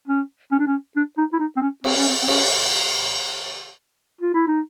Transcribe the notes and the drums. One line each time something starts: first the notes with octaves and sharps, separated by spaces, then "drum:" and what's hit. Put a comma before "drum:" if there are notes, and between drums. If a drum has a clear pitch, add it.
C#4
C#4
D4
C#4
D4
D#4
E4
D#4
C4
C#4
C4, drum: cymbal
C#4
C4
C4
C#4, drum: cymbal
F4
E4
D#4